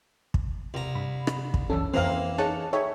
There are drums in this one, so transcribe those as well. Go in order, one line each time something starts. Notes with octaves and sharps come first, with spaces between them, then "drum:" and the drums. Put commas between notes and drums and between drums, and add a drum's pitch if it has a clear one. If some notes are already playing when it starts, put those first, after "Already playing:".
drum: kick
C2 A#5
G2 B5
drum: rim click
drum: kick
C2 F#2 E3 C#4 A4
F2 E3 A#3 C4 F5 A#5 C7
D#4 G#4 C#5 A5 F#6 C#7
D#4 G#4 A4 C#5 E5 G5 B5